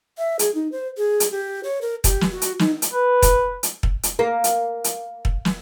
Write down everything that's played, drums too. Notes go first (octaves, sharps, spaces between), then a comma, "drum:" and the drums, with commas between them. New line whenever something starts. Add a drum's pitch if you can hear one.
E5
G#4, drum: hi-hat
D#4
C5
G#4
drum: hi-hat
G4
C#5
A#4
G4, drum: kick, hi-hat
drum: snare
F#4
drum: hi-hat
D#4, drum: snare
drum: hi-hat
B4
drum: kick, hi-hat
drum: hi-hat
drum: kick
drum: hi-hat
A#3
drum: hi-hat
drum: hi-hat
drum: kick
drum: snare